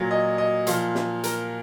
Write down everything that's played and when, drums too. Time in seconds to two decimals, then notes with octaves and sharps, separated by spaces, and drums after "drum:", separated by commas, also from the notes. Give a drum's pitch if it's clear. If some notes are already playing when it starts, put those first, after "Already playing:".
Already playing: A#2 F#3
0.11 D#5
0.38 D#5
0.67 A#2 F3 F5, drum: hi-hat
0.95 drum: snare
1.24 A#4, drum: hi-hat